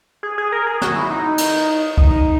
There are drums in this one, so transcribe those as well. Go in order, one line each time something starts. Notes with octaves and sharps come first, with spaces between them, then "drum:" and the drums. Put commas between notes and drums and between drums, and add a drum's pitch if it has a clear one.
G#4
G#4
A#4
G#4
F#4, drum: snare
E4
D#4
drum: cymbal
D#4, drum: kick C2